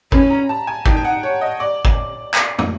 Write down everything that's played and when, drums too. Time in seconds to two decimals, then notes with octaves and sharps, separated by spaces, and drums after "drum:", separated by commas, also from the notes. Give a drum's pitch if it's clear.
0.12 C#4 B5, drum: kick
0.30 A#5
0.49 A5
0.67 G#5
0.86 D#4 G5, drum: kick
0.97 G5
1.05 F#5
1.23 C#5
1.41 D#5
1.60 D5
1.85 drum: kick
2.34 drum: clap
2.59 drum: tom